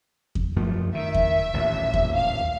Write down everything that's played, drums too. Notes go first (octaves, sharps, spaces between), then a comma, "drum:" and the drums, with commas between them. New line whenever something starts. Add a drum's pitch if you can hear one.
drum: kick E2
F#2 F3 A3
D#3 E5
drum: kick E2
A1 D#2 A#2
drum: kick E2
F5